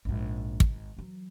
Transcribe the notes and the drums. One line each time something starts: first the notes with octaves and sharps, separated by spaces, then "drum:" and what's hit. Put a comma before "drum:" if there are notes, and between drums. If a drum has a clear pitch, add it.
A#1 G#2
G#1, drum: kick
E3 F#3